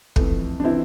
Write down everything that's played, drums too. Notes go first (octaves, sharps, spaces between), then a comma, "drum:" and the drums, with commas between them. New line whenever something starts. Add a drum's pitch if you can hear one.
F2 E3 A3, drum: kick
D4
C3 E3 C4 E4